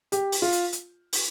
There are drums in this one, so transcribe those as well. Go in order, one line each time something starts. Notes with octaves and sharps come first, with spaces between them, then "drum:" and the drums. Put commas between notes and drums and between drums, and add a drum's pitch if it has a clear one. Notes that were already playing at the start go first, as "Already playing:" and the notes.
G4, drum: hi-hat
drum: open hi-hat
F4
drum: hi-hat
drum: hi-hat
drum: open hi-hat